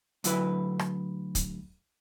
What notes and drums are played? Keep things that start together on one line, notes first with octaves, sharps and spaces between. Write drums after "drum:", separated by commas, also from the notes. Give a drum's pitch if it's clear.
D2 F#3 E4 B4, drum: hi-hat
drum: rim click
drum: kick, hi-hat